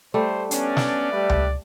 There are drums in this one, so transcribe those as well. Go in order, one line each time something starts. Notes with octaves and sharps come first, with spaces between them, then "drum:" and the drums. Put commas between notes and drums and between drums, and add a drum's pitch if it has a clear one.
G3 A3 C5
B3 C#4 D4 D5, drum: hi-hat
drum: snare
G3 A3 B4
drum: tom C#2